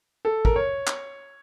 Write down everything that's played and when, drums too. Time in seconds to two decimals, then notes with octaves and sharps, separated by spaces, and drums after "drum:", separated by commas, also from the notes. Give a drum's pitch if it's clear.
0.25 A4
0.45 A#4, drum: kick
0.56 C#5
0.87 drum: clap